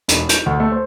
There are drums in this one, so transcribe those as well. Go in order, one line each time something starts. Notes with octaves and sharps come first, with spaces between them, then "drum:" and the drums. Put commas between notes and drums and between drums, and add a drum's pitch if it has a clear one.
E1, drum: hi-hat
G6, drum: hi-hat
D2
A3
C5